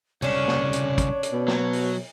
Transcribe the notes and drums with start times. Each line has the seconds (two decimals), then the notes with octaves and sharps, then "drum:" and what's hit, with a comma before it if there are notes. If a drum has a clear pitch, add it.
0.22 C2 C#3 C#4 D4 C#5
0.48 drum: snare
0.73 drum: hi-hat
0.98 drum: kick, hi-hat
1.23 drum: hi-hat
1.33 B2
1.48 F#3, drum: snare
1.73 drum: open hi-hat